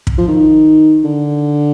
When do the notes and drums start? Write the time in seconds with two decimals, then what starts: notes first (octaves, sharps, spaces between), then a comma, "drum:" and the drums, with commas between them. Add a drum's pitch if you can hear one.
0.07 drum: kick
0.18 F3
0.28 D#3
1.04 D3